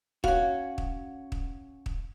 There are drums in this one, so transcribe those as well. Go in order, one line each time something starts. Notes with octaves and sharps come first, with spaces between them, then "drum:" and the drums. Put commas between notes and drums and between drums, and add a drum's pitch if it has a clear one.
C#4 F#4 F5, drum: kick
drum: kick
drum: kick
drum: kick